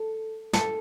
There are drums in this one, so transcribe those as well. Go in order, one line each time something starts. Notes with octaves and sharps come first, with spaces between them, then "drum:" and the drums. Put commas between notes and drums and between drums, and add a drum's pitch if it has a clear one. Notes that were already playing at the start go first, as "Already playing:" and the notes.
Already playing: A4
A4, drum: snare